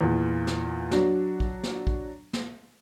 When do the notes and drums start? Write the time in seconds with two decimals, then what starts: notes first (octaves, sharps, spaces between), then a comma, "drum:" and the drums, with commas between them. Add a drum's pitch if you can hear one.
0.01 E2 A#2
0.47 drum: snare
0.91 F#3 D4 F#4, drum: snare
1.40 drum: kick
1.63 drum: snare
1.87 drum: kick
2.33 drum: snare